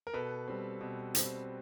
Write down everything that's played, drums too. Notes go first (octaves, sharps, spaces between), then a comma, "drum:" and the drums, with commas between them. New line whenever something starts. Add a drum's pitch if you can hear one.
A#4
B2 A4 B4
G3 C4
B2
G3 C4, drum: hi-hat